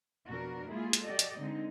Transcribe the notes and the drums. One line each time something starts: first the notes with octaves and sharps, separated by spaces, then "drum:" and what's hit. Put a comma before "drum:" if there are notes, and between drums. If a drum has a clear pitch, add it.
F2 B2 D4 F#4 A#4
G#3 A#3 E4 F4 G#4
drum: hi-hat
F#4 G4 A4 D5 D#5
drum: hi-hat
D3 G#3 C4 D#4